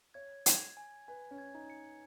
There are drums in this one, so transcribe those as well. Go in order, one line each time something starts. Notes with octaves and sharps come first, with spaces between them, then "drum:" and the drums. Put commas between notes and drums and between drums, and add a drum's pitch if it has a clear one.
C#5 G#6
G#6, drum: hi-hat
G#5
B4 G#5
C#4
G#6
D#4
C#7